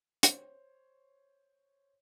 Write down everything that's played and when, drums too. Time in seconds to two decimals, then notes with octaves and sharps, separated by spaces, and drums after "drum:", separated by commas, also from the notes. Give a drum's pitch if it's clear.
0.23 C5 C#5, drum: hi-hat